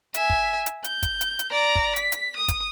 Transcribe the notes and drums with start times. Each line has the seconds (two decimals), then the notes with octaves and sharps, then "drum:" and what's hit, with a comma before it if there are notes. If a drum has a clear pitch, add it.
0.14 E5 G#5, drum: hi-hat
0.30 drum: kick
0.66 drum: hi-hat
0.84 G6, drum: hi-hat
1.03 drum: kick, hi-hat
1.21 drum: hi-hat
1.39 drum: hi-hat
1.52 D5 A#5
1.75 drum: kick
1.96 B6, drum: hi-hat
2.12 drum: hi-hat
2.37 D#6
2.48 drum: kick, hi-hat